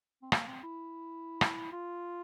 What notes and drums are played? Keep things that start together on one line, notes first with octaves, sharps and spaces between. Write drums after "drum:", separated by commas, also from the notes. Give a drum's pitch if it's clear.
C4
A#3, drum: rim click
C4
E4
drum: rim click
F4